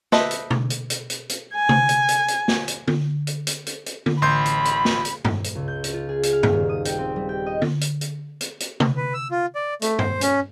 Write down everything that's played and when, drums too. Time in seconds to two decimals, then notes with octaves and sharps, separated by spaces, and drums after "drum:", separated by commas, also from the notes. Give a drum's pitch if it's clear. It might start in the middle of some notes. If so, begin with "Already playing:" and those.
0.12 A4 B4 C5 D#5 E5, drum: snare
0.31 drum: hi-hat
0.50 drum: tom B2
0.70 drum: hi-hat
0.90 drum: hi-hat
1.10 drum: hi-hat
1.29 drum: hi-hat
1.55 G#5
1.69 drum: tom C3
1.89 drum: hi-hat
2.09 drum: hi-hat
2.28 drum: hi-hat
2.48 drum: snare
2.68 drum: hi-hat
2.88 drum: tom
3.27 drum: hi-hat
3.47 drum: hi-hat
3.67 drum: hi-hat
3.86 drum: hi-hat
4.06 drum: tom
4.22 A1 B5 C6 G6
4.46 drum: hi-hat
4.65 drum: hi-hat
4.85 drum: snare
5.05 drum: hi-hat
5.25 drum: tom G2
5.44 drum: hi-hat
5.55 C#2
5.68 G6
5.84 drum: hi-hat
5.94 F4
6.09 G#4
6.23 drum: hi-hat
6.33 F5
6.43 drum: tom G2
6.53 D#1
6.69 D#6
6.85 G5, drum: hi-hat
6.99 C4
7.16 G3
7.29 G5
7.46 D#5
7.62 drum: tom
7.81 drum: hi-hat
8.01 drum: hi-hat
8.41 drum: hi-hat
8.60 drum: hi-hat
8.80 drum: tom C3
8.97 B4
9.14 E6
9.31 F4
9.55 D5
9.82 A3, drum: hi-hat
9.99 C5, drum: tom G2
10.21 C#4, drum: hi-hat